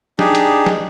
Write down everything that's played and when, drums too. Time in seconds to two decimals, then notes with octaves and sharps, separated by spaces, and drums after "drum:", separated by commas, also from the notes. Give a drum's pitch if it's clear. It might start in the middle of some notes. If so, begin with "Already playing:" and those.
0.19 D4 D#4 G4 G#4, drum: snare
0.35 drum: hi-hat
0.66 drum: snare